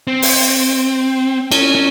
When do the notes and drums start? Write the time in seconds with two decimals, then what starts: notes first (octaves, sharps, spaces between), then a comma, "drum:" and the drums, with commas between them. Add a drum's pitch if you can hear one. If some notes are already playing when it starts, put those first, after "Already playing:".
0.07 C4
0.22 drum: open hi-hat
1.52 C#4, drum: cymbal
1.75 C#4